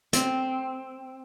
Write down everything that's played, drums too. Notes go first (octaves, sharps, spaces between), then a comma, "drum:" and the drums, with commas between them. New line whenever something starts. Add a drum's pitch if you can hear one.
C4, drum: hi-hat